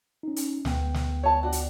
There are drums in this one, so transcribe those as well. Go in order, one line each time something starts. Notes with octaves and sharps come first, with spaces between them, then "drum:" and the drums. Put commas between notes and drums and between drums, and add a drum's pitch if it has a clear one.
C#4 D#4
drum: hi-hat
D2 B3 G5, drum: snare
drum: snare
C#5 A5
D4 F#4
drum: hi-hat